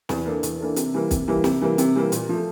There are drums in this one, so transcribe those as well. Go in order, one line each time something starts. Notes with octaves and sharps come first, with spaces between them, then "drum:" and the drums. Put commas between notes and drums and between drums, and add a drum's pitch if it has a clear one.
E2, drum: snare
E3 A#3 D4 A4
E2, drum: hi-hat
E3 A#3 D4 A4
C3, drum: hi-hat
E3 G3 A#3
C3, drum: kick, hi-hat
E3 G3 A#3
C3, drum: snare
E3 G3 A#3
C3, drum: hi-hat
E3 G3 A#3
A#2, drum: hi-hat
F3 A3